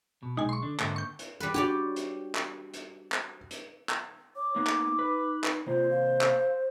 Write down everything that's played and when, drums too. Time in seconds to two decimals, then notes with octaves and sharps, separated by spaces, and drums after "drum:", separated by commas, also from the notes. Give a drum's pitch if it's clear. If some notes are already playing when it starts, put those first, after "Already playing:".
0.23 B2
0.37 B1 G#3 D#4 G#5
0.49 C6 C#6
0.63 D3 D4
0.80 G#2 D3 A#3, drum: clap
0.96 C#6 G6
1.19 drum: hi-hat
1.40 G3 B4
1.54 D4 F#4 G4 C#5 D5
1.96 drum: hi-hat
2.35 drum: clap
2.74 drum: hi-hat
3.12 drum: clap
3.51 drum: hi-hat
3.89 drum: clap
4.36 C#5 D6
4.56 A#3 B3 D#4
4.67 drum: clap
4.99 B4
5.44 drum: clap
5.67 C3 A#3 F4 C5
5.91 F5
6.21 drum: clap